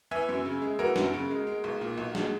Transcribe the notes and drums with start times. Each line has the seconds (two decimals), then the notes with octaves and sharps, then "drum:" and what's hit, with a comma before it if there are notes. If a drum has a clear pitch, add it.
0.11 E3 E5 G#5
0.29 F#2
0.45 C#3
0.62 G#3
0.79 E3 F#4 A#4
0.96 F#2, drum: snare
1.13 C#3
1.30 G#3
1.47 G#3
1.64 B1
1.81 A#2
1.98 B1
2.15 G#3, drum: snare